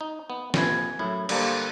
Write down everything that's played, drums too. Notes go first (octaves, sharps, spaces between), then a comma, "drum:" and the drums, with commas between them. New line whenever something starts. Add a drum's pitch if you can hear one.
D#4
B3
A#1 F2 C3 B4 G#5, drum: snare
F#2 A2 E4
D3 G3 A#3 A4 C5, drum: cymbal